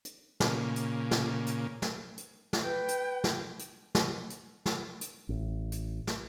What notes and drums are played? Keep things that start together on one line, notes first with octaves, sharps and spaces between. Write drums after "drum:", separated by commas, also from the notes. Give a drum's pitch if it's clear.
drum: hi-hat
A#2 C#3, drum: snare
drum: hi-hat
drum: snare
drum: hi-hat
drum: snare
drum: hi-hat
drum: snare
B4 G5
drum: hi-hat
drum: snare
drum: hi-hat
drum: snare
drum: hi-hat
drum: snare
drum: hi-hat
A1
drum: hi-hat
drum: snare